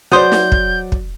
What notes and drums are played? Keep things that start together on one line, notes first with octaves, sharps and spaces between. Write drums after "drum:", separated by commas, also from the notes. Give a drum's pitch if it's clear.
F#3 B3 G#4 C5 D5 G6
drum: snare
drum: kick
drum: kick